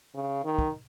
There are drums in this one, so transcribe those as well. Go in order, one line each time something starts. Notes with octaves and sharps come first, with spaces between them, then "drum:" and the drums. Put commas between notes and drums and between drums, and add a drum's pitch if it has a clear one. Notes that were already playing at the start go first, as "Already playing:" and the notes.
C#3
D#3
drum: kick